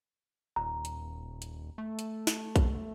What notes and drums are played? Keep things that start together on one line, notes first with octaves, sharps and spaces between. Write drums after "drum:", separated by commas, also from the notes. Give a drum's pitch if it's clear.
D#1 A#5
drum: hi-hat
drum: hi-hat
A3
drum: hi-hat
drum: snare
drum: kick A#1, hi-hat